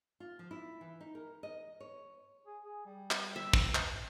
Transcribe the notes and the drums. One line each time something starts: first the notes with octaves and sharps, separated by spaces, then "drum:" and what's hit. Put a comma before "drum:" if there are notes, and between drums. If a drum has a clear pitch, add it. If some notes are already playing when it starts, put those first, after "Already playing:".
F4
F3
E4
E3
D#4
A#4
D#5
C#5
G#4
G#4
G3
drum: clap
E5
drum: kick
drum: clap